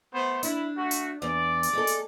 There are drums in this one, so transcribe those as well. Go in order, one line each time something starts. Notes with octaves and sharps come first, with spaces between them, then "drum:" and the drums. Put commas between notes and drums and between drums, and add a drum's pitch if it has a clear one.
A3 B3 C5
D4 E4, drum: hi-hat
A3 F#4
drum: hi-hat
E2 D5
drum: hi-hat
G#3 A4
drum: hi-hat